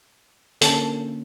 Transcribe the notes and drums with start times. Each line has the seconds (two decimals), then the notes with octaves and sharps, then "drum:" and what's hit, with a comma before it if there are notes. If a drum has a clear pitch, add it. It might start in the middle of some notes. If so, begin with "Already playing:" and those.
0.61 D3 A#3 C#4 A4 A5, drum: hi-hat